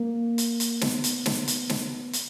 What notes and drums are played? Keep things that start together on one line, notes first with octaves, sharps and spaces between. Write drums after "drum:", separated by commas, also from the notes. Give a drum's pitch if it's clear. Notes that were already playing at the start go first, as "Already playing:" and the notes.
Already playing: A#3
drum: hi-hat
drum: hi-hat
B3, drum: snare
drum: hi-hat
drum: snare
drum: hi-hat
drum: snare
drum: hi-hat